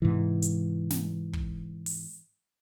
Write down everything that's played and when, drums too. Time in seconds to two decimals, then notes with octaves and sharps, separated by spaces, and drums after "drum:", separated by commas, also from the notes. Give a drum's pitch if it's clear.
0.02 G#2 C3 E3
0.42 drum: hi-hat
0.90 drum: snare
1.33 drum: kick
1.86 drum: open hi-hat